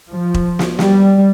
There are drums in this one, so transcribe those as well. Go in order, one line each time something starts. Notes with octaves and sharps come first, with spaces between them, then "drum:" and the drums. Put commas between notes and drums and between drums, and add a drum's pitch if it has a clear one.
F3
drum: kick E1
drum: snare
G3, drum: snare